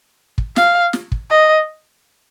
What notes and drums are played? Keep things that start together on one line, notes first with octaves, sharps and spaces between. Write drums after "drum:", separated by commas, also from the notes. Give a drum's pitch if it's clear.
drum: kick
F5, drum: snare
drum: snare
drum: kick
D#5